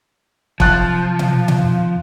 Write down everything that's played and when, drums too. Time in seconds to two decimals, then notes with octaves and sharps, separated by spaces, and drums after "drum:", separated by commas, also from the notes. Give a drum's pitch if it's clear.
0.60 C3 F3 F#3 A5 F#6 A6, drum: kick
1.19 drum: tom B2
1.48 drum: tom B2
1.60 F2 D#3